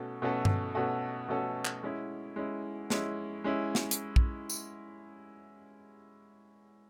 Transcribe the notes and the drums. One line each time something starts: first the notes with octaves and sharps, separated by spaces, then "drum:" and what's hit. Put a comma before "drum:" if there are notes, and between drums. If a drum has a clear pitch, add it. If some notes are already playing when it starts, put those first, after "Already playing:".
Already playing: B2 A3 C#4 F#4 A4
B2 A3 C#4 F#4 A4
drum: tom G2
B2 A3 C#4 F#4 A4
B2 A3 C#4 F#4 A4
drum: clap
G#3 C#4 E4
G#3 C#4 E4
G#3 C#4 E4, drum: snare
G#3 C#4 E4
drum: snare
drum: hi-hat
drum: kick
drum: tambourine